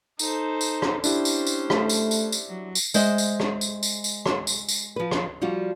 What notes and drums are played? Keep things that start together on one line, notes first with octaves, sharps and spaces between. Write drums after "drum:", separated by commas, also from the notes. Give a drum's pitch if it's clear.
D#4 A4 C5, drum: tambourine
drum: tambourine
drum: rim click
C#4 D4 E4 G4 C5, drum: tambourine
drum: tambourine
drum: tambourine
A3, drum: rim click
drum: tambourine
drum: tambourine
drum: tambourine
F#3
drum: tambourine
G#3 C5 D#5 E5, drum: tambourine
drum: tambourine
drum: rim click
drum: tambourine
drum: tambourine
drum: tambourine
drum: rim click
drum: tambourine
drum: tambourine
F3 B4
drum: rim click
F3 G3 F4 F#4